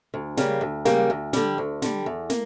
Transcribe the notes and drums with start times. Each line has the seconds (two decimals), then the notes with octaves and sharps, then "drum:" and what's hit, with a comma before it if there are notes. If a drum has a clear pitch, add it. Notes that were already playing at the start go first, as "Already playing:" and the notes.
0.14 D2
0.37 C#3 G3 A#3, drum: snare
0.61 D2
0.85 C#3 G3 A#3, drum: snare
1.10 D2
1.33 D3 G3, drum: snare
1.58 D2
1.82 D3 G3, drum: snare
2.06 E2
2.30 A#3, drum: snare